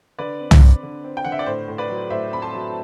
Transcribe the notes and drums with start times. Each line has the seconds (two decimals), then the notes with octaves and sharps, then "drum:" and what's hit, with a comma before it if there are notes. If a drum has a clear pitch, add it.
0.18 D3 B4 D5
0.40 C4
0.51 drum: tom
0.62 C4
0.83 D3
1.04 C4
1.17 G5
1.25 D3 F#5
1.32 E5
1.39 D5
1.46 A2 C5
1.68 A2
1.78 B4 D5
1.89 F#3
2.10 A2 C5 E5
2.32 C4 B5
2.42 A5 C6
2.54 F#3